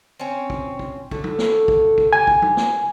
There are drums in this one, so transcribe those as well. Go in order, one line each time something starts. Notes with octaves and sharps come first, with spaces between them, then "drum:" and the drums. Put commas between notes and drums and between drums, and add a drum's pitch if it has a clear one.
C4 C#4
drum: kick
drum: kick
D3 A3, drum: kick
drum: tom
drum: snare
drum: kick
drum: kick
G4 G#5
drum: kick
drum: tom
drum: snare